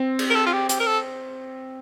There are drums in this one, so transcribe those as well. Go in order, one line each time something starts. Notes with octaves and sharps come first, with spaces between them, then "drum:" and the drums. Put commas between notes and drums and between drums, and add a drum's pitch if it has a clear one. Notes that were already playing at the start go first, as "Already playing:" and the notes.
Already playing: C4
drum: cymbal
A#4
A4
F4
G4
G4, drum: hi-hat
A#4
A4